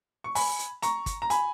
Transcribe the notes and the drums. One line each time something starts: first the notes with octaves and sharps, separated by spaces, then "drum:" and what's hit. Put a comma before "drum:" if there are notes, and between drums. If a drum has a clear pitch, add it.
C#6
G#5 B5, drum: open hi-hat
drum: hi-hat
A#5 C#6, drum: hi-hat
drum: kick, hi-hat
A#5
G#5 B5, drum: hi-hat